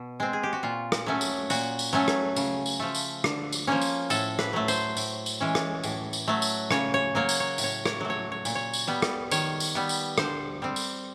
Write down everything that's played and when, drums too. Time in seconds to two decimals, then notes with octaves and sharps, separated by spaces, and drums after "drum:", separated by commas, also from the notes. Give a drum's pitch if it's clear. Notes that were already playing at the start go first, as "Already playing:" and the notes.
Already playing: B2
0.20 G#3 C4
0.33 G#4
0.43 G4
0.53 F#4
0.63 A#2 F4
0.92 drum: rim click
1.06 F#3 A3 C#4
1.21 drum: tambourine
1.50 A#2 F#4, drum: tambourine
1.79 drum: tambourine
1.93 F#3 A3 C#4
2.08 drum: rim click
2.36 C#3, drum: tambourine
2.66 drum: tambourine
2.80 F3 A3
2.95 drum: tambourine
3.24 D3, drum: rim click
3.52 drum: tambourine
3.67 F3 A#3 C#4
3.81 drum: tambourine
4.10 A2 A4, drum: tambourine
4.39 B4, drum: rim click
4.53 F#3 A3
4.68 C5, drum: tambourine
4.97 A2, drum: tambourine
5.26 drum: tambourine
5.40 E3 G#3 C#4
5.55 drum: rim click
5.83 A2, drum: tambourine
6.13 drum: tambourine
6.28 F#3 A3
6.42 drum: tambourine
6.71 C#3 C#5, drum: rim click
6.94 C#5
7.15 F#3 A#3 C#5
7.29 drum: tambourine
7.40 C#5
7.58 A2, drum: tambourine
7.64 C#5
7.86 C#5, drum: rim click
8.01 F#3 A3
8.10 C#5
8.32 C#5
8.45 A#2, drum: tambourine
8.55 C#5
8.73 drum: tambourine
8.87 G3 B3
9.02 drum: rim click
9.31 D#3 C#5, drum: tambourine
9.60 drum: tambourine
9.75 G3 B3
9.89 drum: tambourine
10.18 D3 C5, drum: rim click
10.62 G3 C4
10.76 drum: tambourine